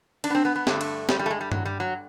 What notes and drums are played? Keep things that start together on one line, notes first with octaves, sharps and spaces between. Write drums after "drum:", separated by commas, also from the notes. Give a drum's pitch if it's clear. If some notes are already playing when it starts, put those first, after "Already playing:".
D4, drum: cymbal
B3
C4
B3
B3
G2 D3 A3, drum: snare
drum: cymbal
G3, drum: snare
G3
A3
G#3
G3
F#3, drum: tom G2
G3
F#3